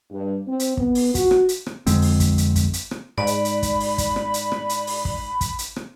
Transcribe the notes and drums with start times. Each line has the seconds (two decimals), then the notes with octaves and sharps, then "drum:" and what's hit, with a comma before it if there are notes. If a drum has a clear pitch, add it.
0.12 G2
0.47 C4
0.60 drum: hi-hat
0.77 B3, drum: kick
0.95 drum: open hi-hat
1.15 F#4, drum: kick, hi-hat
1.31 drum: rim click
1.49 drum: hi-hat
1.66 drum: rim click
1.87 F2 D3 G#3 C4, drum: hi-hat
2.02 drum: open hi-hat
2.20 drum: kick, hi-hat
2.38 drum: hi-hat
2.56 drum: kick, hi-hat
2.73 drum: hi-hat
2.91 drum: rim click
3.18 G#2 D5 B5
3.27 drum: hi-hat
3.45 drum: hi-hat
3.62 drum: kick, hi-hat
3.80 drum: open hi-hat
3.98 drum: kick, hi-hat
4.16 drum: rim click
4.34 drum: hi-hat
4.52 drum: rim click
4.69 drum: hi-hat
4.87 drum: open hi-hat
5.05 drum: kick
5.41 drum: kick, hi-hat
5.59 drum: hi-hat
5.76 drum: rim click